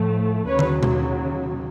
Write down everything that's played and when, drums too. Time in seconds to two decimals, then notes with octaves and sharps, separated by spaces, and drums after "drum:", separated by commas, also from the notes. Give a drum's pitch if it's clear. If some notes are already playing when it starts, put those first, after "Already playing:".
Already playing: A2 F3 A3
0.47 D#2 C#3 F#3 B4 C#5
0.59 drum: tom D3
0.83 drum: tom B2